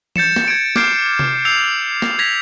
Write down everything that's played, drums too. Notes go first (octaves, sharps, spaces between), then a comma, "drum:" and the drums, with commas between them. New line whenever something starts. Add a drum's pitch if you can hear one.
G6 A6 C#7 E7, drum: tom E3
drum: snare
G#6 D7
D6 F6 G6 G#6 C7 D7, drum: snare
drum: tom C3
E6 G6 C7 F7
drum: snare
G#6 A#6 B6 F7